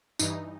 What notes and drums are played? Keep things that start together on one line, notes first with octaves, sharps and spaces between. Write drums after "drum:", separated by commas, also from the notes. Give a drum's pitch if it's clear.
G2 E3 D#4, drum: tambourine